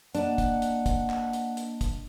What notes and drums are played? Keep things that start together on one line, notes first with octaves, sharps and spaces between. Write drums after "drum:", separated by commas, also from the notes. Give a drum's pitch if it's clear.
A#3 D4 D#5 F#5 A5, drum: hi-hat
drum: kick, hi-hat
drum: hi-hat
drum: kick, hi-hat
drum: clap
drum: hi-hat
drum: hi-hat
drum: kick, hi-hat